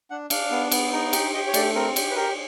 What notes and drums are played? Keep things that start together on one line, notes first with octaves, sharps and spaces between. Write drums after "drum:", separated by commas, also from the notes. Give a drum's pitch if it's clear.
D4 F#5
D4 F5, drum: cymbal
B3
B3, drum: cymbal
D#4
G4, drum: cymbal
G4 D#5
C#5
A3 D5, drum: cymbal
C4 A#4
G4, drum: cymbal
B4
G4 A#4